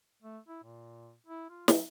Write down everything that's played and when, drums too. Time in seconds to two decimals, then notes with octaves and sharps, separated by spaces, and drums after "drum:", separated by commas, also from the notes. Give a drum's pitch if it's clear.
0.22 A3
0.48 E4
0.64 A#2
1.27 E4
1.49 F4
1.68 F#3, drum: snare